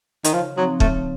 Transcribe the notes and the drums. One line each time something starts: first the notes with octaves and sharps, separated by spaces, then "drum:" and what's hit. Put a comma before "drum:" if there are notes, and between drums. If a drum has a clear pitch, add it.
D#3, drum: hi-hat
C#3 F3
F3 F#3 C4 D#4
C#3 A3, drum: kick